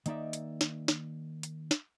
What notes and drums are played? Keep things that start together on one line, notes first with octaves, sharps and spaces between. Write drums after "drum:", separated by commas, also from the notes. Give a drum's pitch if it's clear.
D#3 A#3 D#4 D5 E5, drum: hi-hat
drum: hi-hat
drum: snare
drum: snare
drum: hi-hat
drum: snare